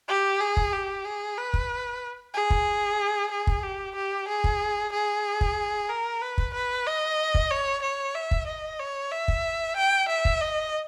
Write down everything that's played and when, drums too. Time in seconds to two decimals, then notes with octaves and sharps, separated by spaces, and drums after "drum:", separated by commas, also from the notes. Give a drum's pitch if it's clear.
0.08 G4
0.40 G#4
0.57 drum: kick
0.73 G4
1.05 G#4
1.37 B4
1.54 drum: kick
2.34 G#4
2.50 drum: kick
3.31 G#4
3.47 drum: kick
3.63 G4
3.95 G4
4.28 G#4
4.44 drum: kick
4.92 G#4
5.41 drum: kick
5.89 A#4
6.22 B4
6.38 drum: kick
6.54 B4
6.86 D#5
7.34 drum: kick
7.51 C#5
7.83 C#5
8.15 E5
8.31 drum: kick
8.47 D#5
8.80 C#5
9.12 E5
9.28 drum: kick
9.77 G5
10.09 E5
10.25 drum: kick
10.41 D#5